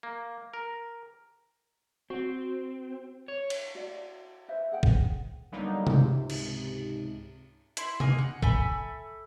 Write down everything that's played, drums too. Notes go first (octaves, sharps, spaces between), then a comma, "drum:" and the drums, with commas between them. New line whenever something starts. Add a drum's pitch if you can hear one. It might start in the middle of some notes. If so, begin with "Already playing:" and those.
A#3
A#4
C4 F#4
C#5
drum: cymbal
F#4 D5
B4 C5 E5
G#4 F#5 G5
drum: kick
D3 F#3 G3 A#3 B3 D#4
C#2 G#2 C3, drum: tom C3
drum: cymbal
E4 C6, drum: hi-hat
A#3 D#5 G#5, drum: tom C3
F#5
A4 E5 G#5 B5, drum: kick